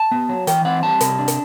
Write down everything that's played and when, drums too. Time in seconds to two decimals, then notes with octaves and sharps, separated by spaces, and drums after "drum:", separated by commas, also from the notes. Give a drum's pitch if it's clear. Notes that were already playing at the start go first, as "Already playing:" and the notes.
Already playing: A5
0.11 B3
0.29 F#3
0.47 E3 G5, drum: hi-hat
0.65 C4 F#5
0.83 G3 A5
1.00 C3, drum: hi-hat
1.19 D4
1.28 drum: hi-hat